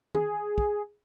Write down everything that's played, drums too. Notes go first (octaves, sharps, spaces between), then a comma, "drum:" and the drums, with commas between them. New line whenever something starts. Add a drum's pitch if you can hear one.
G#4, drum: tom D#3
drum: kick